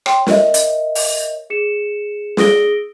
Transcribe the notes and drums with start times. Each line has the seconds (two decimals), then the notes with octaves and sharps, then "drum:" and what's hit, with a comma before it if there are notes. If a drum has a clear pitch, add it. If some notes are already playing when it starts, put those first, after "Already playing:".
0.06 C#5 G5 C6, drum: rim click
0.27 A#4 C#5 D#5 E5, drum: snare
0.54 drum: hi-hat
0.95 drum: open hi-hat
1.50 G#4 C#7 E7
2.37 G#4 D#6 E6 A#6 D7 G7, drum: snare